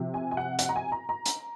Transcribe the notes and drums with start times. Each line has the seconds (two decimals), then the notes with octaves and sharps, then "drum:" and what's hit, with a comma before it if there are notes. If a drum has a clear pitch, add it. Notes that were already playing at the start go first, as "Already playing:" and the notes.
Already playing: C3 F3
0.14 G#5
0.31 G#5
0.37 F#5
0.59 F#5, drum: hi-hat
0.69 A#5
0.76 G#5
0.92 A#5
1.09 A#5
1.26 drum: hi-hat